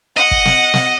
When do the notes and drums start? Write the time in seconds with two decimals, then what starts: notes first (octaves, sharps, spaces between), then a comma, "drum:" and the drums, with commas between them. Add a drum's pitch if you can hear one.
0.17 D#5 F#5
0.31 drum: kick
0.45 drum: snare
0.74 drum: snare